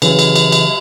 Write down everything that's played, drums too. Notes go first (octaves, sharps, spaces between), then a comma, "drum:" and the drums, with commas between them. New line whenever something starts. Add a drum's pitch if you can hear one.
C#3 E3 F#3, drum: cymbal
drum: cymbal
drum: cymbal
drum: cymbal